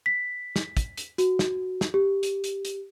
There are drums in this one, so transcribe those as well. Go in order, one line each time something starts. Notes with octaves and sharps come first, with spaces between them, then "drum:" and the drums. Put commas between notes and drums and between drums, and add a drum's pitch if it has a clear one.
B6
drum: snare
drum: kick, hi-hat
drum: hi-hat
F#4, drum: hi-hat
drum: snare
drum: snare
G4
drum: hi-hat
drum: hi-hat
drum: hi-hat